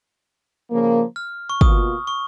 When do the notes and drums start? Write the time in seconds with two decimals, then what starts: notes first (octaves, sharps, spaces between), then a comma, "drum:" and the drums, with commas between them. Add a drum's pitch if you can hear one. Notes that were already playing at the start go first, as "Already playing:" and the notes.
0.71 C#3 F3 A#3
1.16 F6
1.50 C#6
1.61 B2 A#3 F4 D#6, drum: kick
2.07 C#6